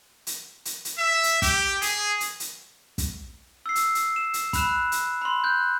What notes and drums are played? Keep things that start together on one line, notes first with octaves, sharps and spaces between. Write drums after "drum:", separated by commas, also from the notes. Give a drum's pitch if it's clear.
drum: hi-hat
drum: hi-hat
drum: hi-hat
E5
drum: hi-hat
G4, drum: kick, hi-hat
G#4, drum: hi-hat
drum: hi-hat
drum: hi-hat
drum: kick, hi-hat
E6 C7
drum: hi-hat
drum: hi-hat
E7
drum: hi-hat
B5 F#6 E7, drum: kick, hi-hat
drum: hi-hat
B5 C6
F#6 G6